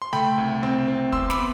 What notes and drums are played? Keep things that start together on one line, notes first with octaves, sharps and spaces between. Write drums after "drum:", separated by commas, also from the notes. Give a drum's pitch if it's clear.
C6
A3 G5 B5, drum: tom C#3
C2
C4, drum: tom C#3
C4
E2 C6 E6, drum: kick
B5 D6, drum: snare
B3